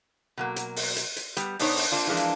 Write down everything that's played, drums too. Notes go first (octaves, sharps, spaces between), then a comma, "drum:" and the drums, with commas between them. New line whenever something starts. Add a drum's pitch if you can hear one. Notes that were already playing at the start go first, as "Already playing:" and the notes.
B2 F#3 A#3
drum: hi-hat
drum: open hi-hat
drum: hi-hat
drum: hi-hat
G3 B3, drum: hi-hat
B2 B3 D4 D#4 C5 C#5, drum: open hi-hat
drum: open hi-hat
A#3 C4 D4 F4
E3 F3 G#3 A#3 D4
drum: hi-hat